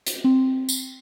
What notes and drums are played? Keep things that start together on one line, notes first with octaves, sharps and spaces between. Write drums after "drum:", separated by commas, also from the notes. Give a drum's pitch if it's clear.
drum: hi-hat
C4
drum: tambourine